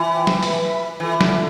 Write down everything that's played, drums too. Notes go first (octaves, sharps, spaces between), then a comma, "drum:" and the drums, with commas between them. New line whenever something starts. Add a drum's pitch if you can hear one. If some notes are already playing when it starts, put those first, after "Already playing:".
Already playing: E3 F4 C5 E5 G5
drum: snare
B4 E5 B5, drum: open hi-hat
E3 F4 A4 E5
D3, drum: snare